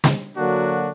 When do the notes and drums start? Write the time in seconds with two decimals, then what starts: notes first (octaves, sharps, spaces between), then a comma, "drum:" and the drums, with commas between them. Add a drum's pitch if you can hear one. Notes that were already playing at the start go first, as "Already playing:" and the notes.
0.04 drum: snare
0.36 D3 F#3 A#3 D4 F#4